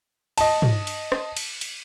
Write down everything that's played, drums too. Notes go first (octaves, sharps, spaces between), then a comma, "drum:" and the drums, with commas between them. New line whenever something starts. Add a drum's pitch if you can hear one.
D#5 A5, drum: cymbal
drum: tom
drum: cymbal
drum: rim click
drum: cymbal
drum: cymbal